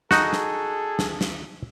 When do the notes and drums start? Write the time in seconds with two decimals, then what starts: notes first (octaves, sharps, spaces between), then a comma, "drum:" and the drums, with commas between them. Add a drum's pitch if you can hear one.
0.11 D#4 F#4 G#4 A4, drum: snare
0.33 drum: snare
0.99 drum: snare
1.21 drum: snare